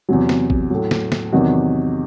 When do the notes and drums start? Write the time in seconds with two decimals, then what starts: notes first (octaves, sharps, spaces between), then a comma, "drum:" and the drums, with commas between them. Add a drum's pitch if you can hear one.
0.09 E2 C3 F#3
0.29 drum: snare
0.50 drum: kick A1
0.70 A2 F#3
0.91 drum: snare
1.12 drum: snare
1.32 E2 C3 D#3 F#3 F#4